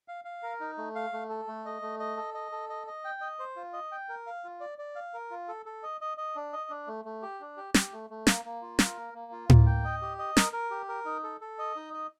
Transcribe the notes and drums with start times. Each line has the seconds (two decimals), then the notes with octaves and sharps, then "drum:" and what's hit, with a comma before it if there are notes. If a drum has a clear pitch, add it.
0.08 F5
0.25 F5
0.43 A#4
0.60 D#4
0.78 A3
0.95 F5
1.13 A3
1.29 A4
1.47 A3
1.65 D#5
1.82 A3
1.99 D#5
2.17 A4
2.34 D#5
2.52 A4
2.69 D#5
2.87 D#5
3.05 G5
3.21 D#5
3.39 C5
3.56 F4
3.73 D#5
3.92 G5
4.09 A#4
4.26 F5
4.44 F4
4.60 D5
4.78 D5
4.95 F5
5.14 A#4
5.30 F4
5.48 A4
5.66 A4
5.83 D#5
6.01 D#5
6.18 D#5
6.36 D4
6.53 D#5
6.70 D4
6.87 A3
7.05 A3
7.22 G4
7.40 D4
7.57 G4
7.74 G4, drum: snare
7.93 A3
8.10 A3
8.27 A#3, drum: snare
8.45 A#3
8.62 F4
8.79 A#4, drum: snare
8.97 A#3
9.14 A#3
9.32 F4
9.50 A#3, drum: tom A2
9.66 G5
9.84 D#5
10.02 G4
10.18 D#5
10.37 A#4, drum: snare
10.53 A#4
10.71 G4
10.88 A#4
11.05 D#4
11.24 A4
11.41 A4
11.59 D#5
11.76 D#4
11.94 D#5